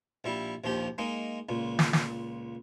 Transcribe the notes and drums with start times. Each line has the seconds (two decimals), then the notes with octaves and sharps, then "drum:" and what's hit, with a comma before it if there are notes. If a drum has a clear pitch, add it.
0.24 A#1 G3 E4
0.64 A#1 D#2 F3 G4
0.98 G#3 A#3 D#4
1.49 C#2 A#2
1.79 drum: snare
1.93 drum: snare